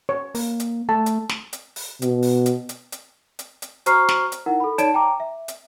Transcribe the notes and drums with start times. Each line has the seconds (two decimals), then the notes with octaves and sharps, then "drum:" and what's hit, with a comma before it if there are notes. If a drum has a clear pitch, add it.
0.09 C#5
0.35 A#3, drum: open hi-hat
0.60 drum: hi-hat
0.89 A3 A5
1.06 drum: hi-hat
1.29 drum: snare
1.53 drum: hi-hat
1.76 drum: open hi-hat
2.02 B2, drum: hi-hat
2.22 drum: open hi-hat
2.46 drum: hi-hat
2.69 drum: hi-hat
2.92 drum: hi-hat
3.39 drum: hi-hat
3.62 drum: hi-hat
3.86 F#4 C5 A#5 C#6 F6 C7, drum: hi-hat
4.09 drum: snare
4.32 drum: hi-hat
4.46 D#4 E4 A#4 F#5
4.60 A4 B5
4.78 D#4 C#5 D5 A5 D7 E7, drum: hi-hat
4.94 G5 A#5 D6
5.20 E5
5.48 drum: hi-hat